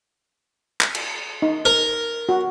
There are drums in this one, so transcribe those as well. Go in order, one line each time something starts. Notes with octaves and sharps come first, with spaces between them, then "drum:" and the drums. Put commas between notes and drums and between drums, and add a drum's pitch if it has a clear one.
drum: clap
drum: cymbal
D#4
A#4
F#4